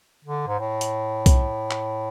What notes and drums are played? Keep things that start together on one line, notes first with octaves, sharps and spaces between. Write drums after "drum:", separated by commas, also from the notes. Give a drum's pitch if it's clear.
D3
G#2
A2
drum: hi-hat
drum: kick B1, hi-hat
drum: clap